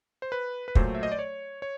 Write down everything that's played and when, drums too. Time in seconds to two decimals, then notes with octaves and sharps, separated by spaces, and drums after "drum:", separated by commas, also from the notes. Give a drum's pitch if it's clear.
0.22 C5
0.32 B4
0.68 B4
0.75 A#2 F#3 A3 C5, drum: kick
0.95 E5
1.03 D#5
1.12 D5
1.19 C#5
1.62 C#5